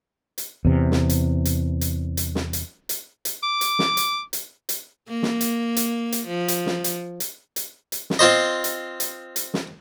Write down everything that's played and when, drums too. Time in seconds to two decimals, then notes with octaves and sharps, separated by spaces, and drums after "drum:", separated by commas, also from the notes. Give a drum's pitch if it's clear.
0.38 drum: hi-hat
0.65 E2 C3
0.92 drum: snare
1.10 drum: hi-hat
1.45 drum: hi-hat
1.81 drum: hi-hat
2.17 drum: hi-hat
2.35 drum: snare
2.53 drum: hi-hat
2.89 drum: hi-hat
3.25 drum: hi-hat
3.43 D6
3.61 drum: hi-hat
3.79 drum: snare
3.97 drum: hi-hat
4.33 drum: hi-hat
4.69 drum: hi-hat
5.08 A#3
5.23 drum: snare
5.41 drum: hi-hat
5.77 drum: hi-hat
6.12 drum: hi-hat
6.27 F3
6.48 drum: hi-hat
6.66 drum: snare
6.84 drum: hi-hat
7.20 drum: hi-hat
7.56 drum: hi-hat
7.92 drum: hi-hat
8.10 drum: snare
8.19 C4 F4 C5 D#5
8.64 drum: hi-hat
9.00 drum: hi-hat
9.36 drum: hi-hat
9.54 drum: snare